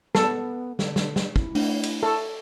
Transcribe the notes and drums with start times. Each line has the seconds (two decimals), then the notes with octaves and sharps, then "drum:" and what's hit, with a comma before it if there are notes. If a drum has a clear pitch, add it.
0.15 B3 A4, drum: snare
0.79 D3, drum: snare
0.96 drum: snare
1.16 drum: snare
1.36 E4, drum: kick
1.55 A3 D4, drum: open hi-hat
1.83 drum: cymbal
2.03 A4 E5 A5 C#6